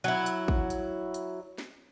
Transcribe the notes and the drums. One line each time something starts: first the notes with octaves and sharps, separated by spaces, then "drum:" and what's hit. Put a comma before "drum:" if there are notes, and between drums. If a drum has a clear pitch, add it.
F#3 E4
drum: hi-hat
drum: kick
drum: hi-hat
drum: hi-hat
drum: snare